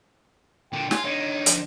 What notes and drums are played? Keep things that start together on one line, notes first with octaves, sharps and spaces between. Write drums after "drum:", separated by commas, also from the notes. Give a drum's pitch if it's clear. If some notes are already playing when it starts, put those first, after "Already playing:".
A#2 D3 G5
F4 G#5, drum: snare
D3 D#4 C#5
F3, drum: hi-hat